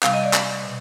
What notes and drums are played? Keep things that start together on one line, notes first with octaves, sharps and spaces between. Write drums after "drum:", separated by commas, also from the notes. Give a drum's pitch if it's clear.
C3 G3 F5, drum: clap
D#5
D5
C3 G3, drum: clap
B2